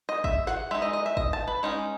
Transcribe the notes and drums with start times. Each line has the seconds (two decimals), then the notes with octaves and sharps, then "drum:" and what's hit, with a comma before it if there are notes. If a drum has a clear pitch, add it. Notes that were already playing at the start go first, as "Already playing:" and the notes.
0.09 D#5
0.24 E5, drum: kick
0.47 F#5, drum: snare
0.71 G#3 D#4 E5
0.82 D#5
0.93 D#5
1.06 E5
1.17 D#5, drum: kick
1.33 A5
1.48 B4
1.63 G#3 C#4 D#4